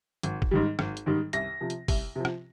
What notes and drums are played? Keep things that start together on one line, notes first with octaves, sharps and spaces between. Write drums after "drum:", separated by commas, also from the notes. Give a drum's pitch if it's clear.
G#1, drum: hi-hat
drum: kick
G#2 D#3 G3
G#1, drum: rim click
drum: hi-hat
G#2 D#3 G3
C2 A#6, drum: hi-hat
C3 F3
drum: hi-hat
C2, drum: kick, open hi-hat
C3 F3
drum: rim click